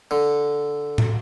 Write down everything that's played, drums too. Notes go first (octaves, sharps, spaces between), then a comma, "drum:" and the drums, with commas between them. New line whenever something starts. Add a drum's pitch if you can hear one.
D3
drum: tom A2